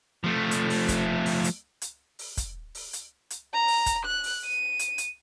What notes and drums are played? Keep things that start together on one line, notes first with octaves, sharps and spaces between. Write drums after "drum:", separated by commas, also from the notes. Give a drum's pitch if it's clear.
F3 A3
drum: hi-hat
drum: open hi-hat
drum: kick, hi-hat
drum: open hi-hat
drum: hi-hat
drum: hi-hat
drum: open hi-hat
drum: kick, hi-hat
drum: open hi-hat
drum: hi-hat
drum: hi-hat
A#5
drum: open hi-hat
drum: kick, hi-hat
F#6
drum: open hi-hat
D#7
drum: hi-hat
drum: hi-hat